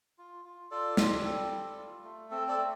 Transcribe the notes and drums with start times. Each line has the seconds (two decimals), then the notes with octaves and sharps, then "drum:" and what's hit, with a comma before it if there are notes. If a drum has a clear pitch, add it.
0.18 F4
0.45 F4
0.71 F4 A4 D5
0.97 G3, drum: snare
1.25 C4
1.51 G3
1.77 F4
2.04 A3
2.31 C4 A4
2.48 A4 D5
2.57 A3